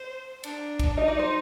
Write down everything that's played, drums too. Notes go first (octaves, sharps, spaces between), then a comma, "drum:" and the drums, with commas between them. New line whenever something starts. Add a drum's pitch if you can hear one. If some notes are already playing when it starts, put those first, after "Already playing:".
Already playing: C5
D4, drum: cymbal
drum: kick A1, cymbal
D#4 D#5
D5
C5